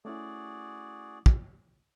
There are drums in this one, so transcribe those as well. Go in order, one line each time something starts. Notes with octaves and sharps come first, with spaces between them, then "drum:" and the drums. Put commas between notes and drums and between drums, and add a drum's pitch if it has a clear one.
A3 C#4 E4 F#4 G#4 D5
drum: kick